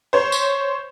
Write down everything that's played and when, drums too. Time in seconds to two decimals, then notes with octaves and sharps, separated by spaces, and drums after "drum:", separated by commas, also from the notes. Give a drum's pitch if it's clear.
0.13 C5 C#5
0.32 drum: tambourine